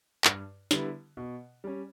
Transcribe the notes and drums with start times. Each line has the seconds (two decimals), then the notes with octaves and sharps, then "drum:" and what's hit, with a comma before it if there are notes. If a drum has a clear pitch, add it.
0.24 G2, drum: clap
0.71 D3 G3 B3 E4, drum: snare
1.17 B2
1.64 G3 C#4